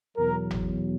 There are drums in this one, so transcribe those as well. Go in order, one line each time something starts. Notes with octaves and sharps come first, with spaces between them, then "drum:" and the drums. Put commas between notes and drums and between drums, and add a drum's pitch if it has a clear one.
E2 B2 F#3 A#4
drum: tom G1